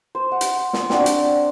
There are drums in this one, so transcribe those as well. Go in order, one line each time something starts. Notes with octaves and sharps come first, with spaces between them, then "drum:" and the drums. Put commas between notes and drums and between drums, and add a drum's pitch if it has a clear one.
C5
F#5
drum: hi-hat
drum: snare
C4 D4 F#4, drum: snare
drum: hi-hat